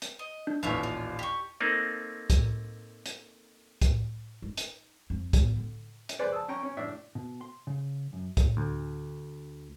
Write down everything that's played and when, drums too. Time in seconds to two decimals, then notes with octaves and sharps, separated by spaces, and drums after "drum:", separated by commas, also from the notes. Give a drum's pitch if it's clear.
0.02 drum: hi-hat
0.19 D#5
0.47 D4
0.63 A1 D#2 A#2 F4 C#5 E5
0.83 F4
1.19 G4 C#6
1.60 A3 A#3 C4 D#4
2.30 drum: kick, hi-hat
3.06 drum: hi-hat
3.82 drum: kick, hi-hat
4.42 D#4
4.57 drum: hi-hat
5.10 F2
5.33 B3, drum: kick, hi-hat
5.57 D3
6.09 drum: hi-hat
6.19 G#4 B4 C5 D5
6.32 A5 D#6 E6
6.48 C#4 G5 A#5 C#6
6.63 C#4
6.77 A2 D4 E5
7.15 B2
7.41 C6
7.67 C#3
8.13 F#2
8.37 drum: kick, hi-hat
8.57 D2